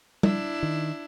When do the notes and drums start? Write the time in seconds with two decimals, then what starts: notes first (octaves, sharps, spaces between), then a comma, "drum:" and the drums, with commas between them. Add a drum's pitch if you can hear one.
0.23 D4 E4, drum: tom G3
0.63 D#3